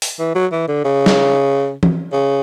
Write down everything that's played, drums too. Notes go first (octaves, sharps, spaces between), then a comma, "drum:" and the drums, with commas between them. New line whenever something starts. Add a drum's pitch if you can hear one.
drum: open hi-hat
E3
F#3
E3
D3
C#3
drum: snare
drum: tom E3
C#3